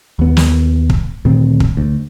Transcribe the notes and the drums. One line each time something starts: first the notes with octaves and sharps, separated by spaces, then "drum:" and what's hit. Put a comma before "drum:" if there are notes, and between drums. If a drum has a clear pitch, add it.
D#2 B3
drum: snare
drum: kick
D2 A#2 D#3 C4
drum: kick
D2